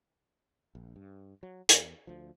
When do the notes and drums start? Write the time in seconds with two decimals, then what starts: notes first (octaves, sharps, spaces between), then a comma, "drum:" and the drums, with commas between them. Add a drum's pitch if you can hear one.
0.75 A#1
0.96 G2
1.43 F#3
1.69 E2, drum: hi-hat
2.07 D2 F3